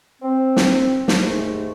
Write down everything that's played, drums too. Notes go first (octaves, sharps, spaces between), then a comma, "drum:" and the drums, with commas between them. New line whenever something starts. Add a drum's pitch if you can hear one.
C4
drum: snare
drum: snare
D#2 G#2 A3